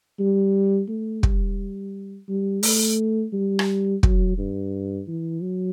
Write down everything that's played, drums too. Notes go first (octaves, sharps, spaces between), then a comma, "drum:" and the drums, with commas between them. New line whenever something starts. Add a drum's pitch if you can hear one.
G3
A3
G3, drum: kick
G3
A3, drum: open hi-hat
G3
drum: rim click
F#3, drum: kick
G2
E3
F#3